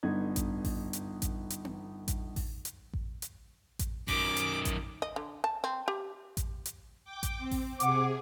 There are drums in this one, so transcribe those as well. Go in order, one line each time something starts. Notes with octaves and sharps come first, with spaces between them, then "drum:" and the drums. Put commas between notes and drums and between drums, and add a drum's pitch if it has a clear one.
G1 B3 D#4 G#6
drum: kick A1, hi-hat
drum: kick A1, open hi-hat
drum: hi-hat
drum: kick A1, hi-hat
drum: hi-hat
drum: tom B3
drum: kick A1, hi-hat
drum: kick A1, open hi-hat
drum: hi-hat
drum: kick A1
drum: hi-hat
drum: kick A1, hi-hat
F#2 D#3 D6, drum: kick A1, open hi-hat
drum: hi-hat
drum: kick A1, hi-hat
D#5
D3
A5
C4
G4
drum: kick A1, hi-hat
drum: hi-hat
G5 D6
drum: kick A1, hi-hat
C4
drum: kick A1, open hi-hat
C3 G#4 F#5 D6, drum: hi-hat